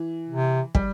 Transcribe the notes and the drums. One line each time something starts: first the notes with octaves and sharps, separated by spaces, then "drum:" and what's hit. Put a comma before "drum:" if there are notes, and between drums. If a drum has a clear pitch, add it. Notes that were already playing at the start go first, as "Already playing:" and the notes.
Already playing: E3
C3
G3, drum: kick